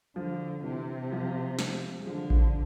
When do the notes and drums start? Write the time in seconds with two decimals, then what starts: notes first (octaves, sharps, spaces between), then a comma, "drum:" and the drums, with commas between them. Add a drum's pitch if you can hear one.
0.16 D3 F3
0.64 C3 E3
1.12 F3
1.59 F3, drum: snare
1.99 G#3
2.06 D3 F3
2.30 F3, drum: kick A1